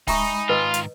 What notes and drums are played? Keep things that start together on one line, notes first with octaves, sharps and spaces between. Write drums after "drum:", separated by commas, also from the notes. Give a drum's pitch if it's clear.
G#3 D#4 E5 A#5 B5 C#6 D#6, drum: kick, open hi-hat
G#2 D#3 F4 B4 D#5
drum: hi-hat